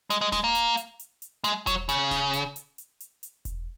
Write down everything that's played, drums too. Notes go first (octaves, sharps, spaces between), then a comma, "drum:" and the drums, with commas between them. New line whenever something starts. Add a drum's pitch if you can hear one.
G#3, drum: hi-hat
G#3
G#3, drum: snare D1
A#3
drum: hi-hat
drum: hi-hat
drum: hi-hat
drum: hi-hat
G#3, drum: hi-hat
F#3, drum: kick E1, hi-hat
C#3, drum: hi-hat
drum: snare D1
drum: hi-hat
drum: hi-hat
drum: hi-hat
drum: hi-hat
drum: hi-hat
drum: kick E1, hi-hat